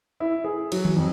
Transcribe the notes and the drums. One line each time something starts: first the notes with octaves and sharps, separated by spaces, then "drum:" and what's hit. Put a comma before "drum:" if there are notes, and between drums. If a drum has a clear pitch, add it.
E4
G#4
F#3, drum: cymbal
drum: tom D#3
F2